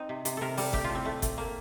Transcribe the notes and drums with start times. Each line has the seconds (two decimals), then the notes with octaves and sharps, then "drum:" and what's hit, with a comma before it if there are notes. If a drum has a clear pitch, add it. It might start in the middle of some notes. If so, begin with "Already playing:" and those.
Already playing: C4 D#4
0.09 C3
0.25 C3, drum: hi-hat
0.37 C3 A4 A#4
0.57 G3 A4, drum: open hi-hat
0.73 A3 G4, drum: kick G1
0.84 F4
0.90 A2
0.95 C4
1.05 A3
1.22 A3, drum: kick G1, hi-hat
1.38 A#3